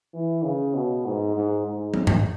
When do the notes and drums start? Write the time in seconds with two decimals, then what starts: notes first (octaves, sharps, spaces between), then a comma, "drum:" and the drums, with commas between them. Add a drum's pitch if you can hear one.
0.14 E3
0.44 C#3
0.74 B2
1.05 G#2
1.36 G#2
1.66 G#2
1.94 drum: tom
2.07 drum: tom G2